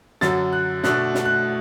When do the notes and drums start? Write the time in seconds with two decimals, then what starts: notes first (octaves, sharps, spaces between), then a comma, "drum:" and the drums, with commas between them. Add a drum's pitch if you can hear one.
0.21 F#2 D3 F#3 A6, drum: snare
0.53 F#6
0.83 B2 A3 D4 F#6, drum: snare
1.15 drum: snare
1.25 F#6